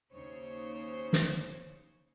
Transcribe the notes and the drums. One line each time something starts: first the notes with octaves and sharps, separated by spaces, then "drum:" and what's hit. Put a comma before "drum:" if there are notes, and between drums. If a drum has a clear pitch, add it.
D#2 C#3 C5 C#5
drum: snare